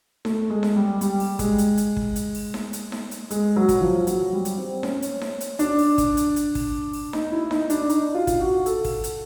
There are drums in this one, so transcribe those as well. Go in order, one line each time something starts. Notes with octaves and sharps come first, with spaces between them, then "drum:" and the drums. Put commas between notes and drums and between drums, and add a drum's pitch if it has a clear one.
A3, drum: snare D#4
G#3
drum: snare D#4
G3
G3, drum: hi-hat
drum: open hi-hat
G#3, drum: kick, hi-hat
drum: hi-hat
drum: hi-hat
drum: kick
drum: hi-hat
drum: open hi-hat
drum: snare D#4
drum: hi-hat
drum: snare D#4
drum: hi-hat
G#3, drum: hi-hat
F#3
drum: kick, hi-hat
F3
F#3, drum: hi-hat
G3
drum: hi-hat
C4
C#4, drum: snare D#4
drum: hi-hat
drum: snare D#4
drum: hi-hat
D4, drum: hi-hat
drum: open hi-hat
drum: kick, hi-hat
drum: hi-hat
drum: hi-hat
drum: kick, open hi-hat
drum: open hi-hat
D#4, drum: snare D#4
E4
D#4, drum: snare D#4
D4, drum: hi-hat
D#4, drum: hi-hat
F4
drum: kick, hi-hat
F#4
A4, drum: hi-hat
drum: kick, open hi-hat
drum: hi-hat